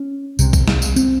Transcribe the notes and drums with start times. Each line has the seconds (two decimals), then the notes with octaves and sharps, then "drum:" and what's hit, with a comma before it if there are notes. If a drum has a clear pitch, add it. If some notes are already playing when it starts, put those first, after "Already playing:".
Already playing: C#4
0.39 C2 C3, drum: tambourine
0.53 drum: kick A#1, tambourine
0.68 drum: snare
0.82 drum: tambourine
0.96 C4, drum: tambourine